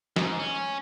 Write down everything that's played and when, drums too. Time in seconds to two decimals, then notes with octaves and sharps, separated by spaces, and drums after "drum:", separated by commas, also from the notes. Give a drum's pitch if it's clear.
0.16 G#2, drum: snare
0.39 C#4